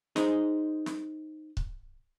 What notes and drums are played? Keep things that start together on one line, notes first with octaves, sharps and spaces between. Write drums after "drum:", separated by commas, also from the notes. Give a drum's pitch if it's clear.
D#4 G#4 C5 D#5, drum: snare
drum: snare
drum: kick C#1